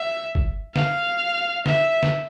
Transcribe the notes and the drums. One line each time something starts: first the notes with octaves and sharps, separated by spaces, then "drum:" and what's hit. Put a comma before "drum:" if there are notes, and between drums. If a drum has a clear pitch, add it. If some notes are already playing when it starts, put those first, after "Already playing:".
Already playing: E5
drum: kick F#1
F5, drum: snare
E5, drum: snare
drum: snare